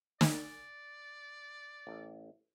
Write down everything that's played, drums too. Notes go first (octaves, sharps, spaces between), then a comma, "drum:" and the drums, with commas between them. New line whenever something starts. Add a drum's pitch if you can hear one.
D5, drum: snare
A1